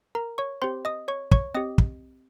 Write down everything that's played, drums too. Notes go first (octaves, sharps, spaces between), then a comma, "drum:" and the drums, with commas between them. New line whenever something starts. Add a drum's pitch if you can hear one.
A#4 A#5
C#5 C#6
C4 G4 C5 C6
D#5 D#6
C#5 C#6
C#5 C#6, drum: kick
C4 G4 D#5 D#6
drum: kick